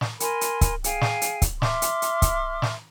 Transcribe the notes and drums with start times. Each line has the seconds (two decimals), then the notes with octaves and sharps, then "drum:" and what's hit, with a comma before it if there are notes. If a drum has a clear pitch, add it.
0.01 drum: snare
0.20 A#4 G#5 B5 C6, drum: hi-hat
0.41 drum: hi-hat
0.61 drum: kick C#1, hi-hat
0.84 G#4 F5 G5 G#5, drum: hi-hat
1.01 drum: snare
1.22 drum: hi-hat
1.42 drum: kick C#1, hi-hat
1.62 E5 C6 D6 F6, drum: snare
1.82 drum: hi-hat
2.02 drum: hi-hat
2.22 drum: kick C#1, hi-hat
2.62 drum: snare